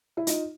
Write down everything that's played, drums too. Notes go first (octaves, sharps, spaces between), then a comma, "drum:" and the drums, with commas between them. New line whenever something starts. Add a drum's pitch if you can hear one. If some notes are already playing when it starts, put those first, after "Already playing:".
E4
D#4 F4, drum: hi-hat